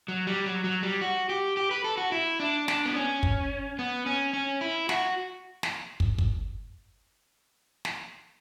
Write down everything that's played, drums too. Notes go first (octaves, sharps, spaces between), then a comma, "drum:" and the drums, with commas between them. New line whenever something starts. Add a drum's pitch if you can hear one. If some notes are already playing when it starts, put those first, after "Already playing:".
F#3
G3
F#3
F#3
G3
F#4
G4
G4
B4
A4
F#4
E4
D4
D4, drum: snare
B3
C#4
drum: kick
B3
C#4
C#4
E4
F#4, drum: snare
drum: snare
drum: kick
drum: kick
drum: snare